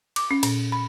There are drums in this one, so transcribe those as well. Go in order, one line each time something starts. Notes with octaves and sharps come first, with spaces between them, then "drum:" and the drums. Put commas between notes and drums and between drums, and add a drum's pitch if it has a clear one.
D6, drum: cymbal
C#4
A#2, drum: cymbal
B5